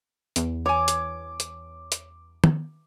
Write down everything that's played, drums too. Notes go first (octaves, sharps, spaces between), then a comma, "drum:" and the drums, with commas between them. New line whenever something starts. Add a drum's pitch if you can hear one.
E2, drum: hi-hat
C#5 G#5 D6
drum: hi-hat
drum: hi-hat
drum: hi-hat
drum: tom